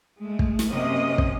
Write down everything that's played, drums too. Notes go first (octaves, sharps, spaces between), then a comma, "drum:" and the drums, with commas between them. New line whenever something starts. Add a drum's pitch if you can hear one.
G#3 A3
drum: kick
drum: snare
F#2 C3 A#3 C4 C#4 D#5
drum: kick